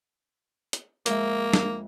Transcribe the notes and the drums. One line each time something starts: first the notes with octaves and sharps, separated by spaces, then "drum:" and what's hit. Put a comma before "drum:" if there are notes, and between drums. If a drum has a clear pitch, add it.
drum: hi-hat
F2 G#3 A#3 E5, drum: hi-hat
drum: snare